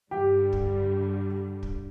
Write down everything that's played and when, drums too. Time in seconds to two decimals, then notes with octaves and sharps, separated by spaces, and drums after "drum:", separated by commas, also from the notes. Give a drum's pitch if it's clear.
0.11 G2 D3 G3 G4
0.53 drum: kick
1.63 drum: kick